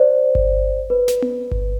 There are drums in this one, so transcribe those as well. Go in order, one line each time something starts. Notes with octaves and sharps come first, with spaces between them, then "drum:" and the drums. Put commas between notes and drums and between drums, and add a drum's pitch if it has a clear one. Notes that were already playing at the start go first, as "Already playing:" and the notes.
Already playing: C5 D5
drum: kick G1
B4
drum: snare
drum: tom B3
drum: kick G1